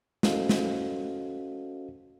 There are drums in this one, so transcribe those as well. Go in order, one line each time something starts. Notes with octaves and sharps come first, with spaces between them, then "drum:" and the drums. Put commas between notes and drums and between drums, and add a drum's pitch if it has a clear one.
C#4 F#4 A4 C5 D#5 F5, drum: snare
drum: snare